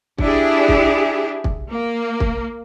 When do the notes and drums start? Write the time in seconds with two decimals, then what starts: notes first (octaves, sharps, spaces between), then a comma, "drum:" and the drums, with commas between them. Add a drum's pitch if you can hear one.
0.18 D4 E4 G4 G#4, drum: kick
0.68 drum: kick
1.44 drum: kick
1.70 A#3
2.20 drum: kick